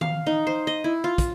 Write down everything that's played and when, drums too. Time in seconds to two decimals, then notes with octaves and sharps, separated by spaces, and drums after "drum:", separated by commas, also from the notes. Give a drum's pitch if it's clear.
0.01 F5, drum: tom D#3
0.27 D#4
0.47 C5
0.67 D#5
0.84 E4
1.04 F4
1.18 drum: kick, hi-hat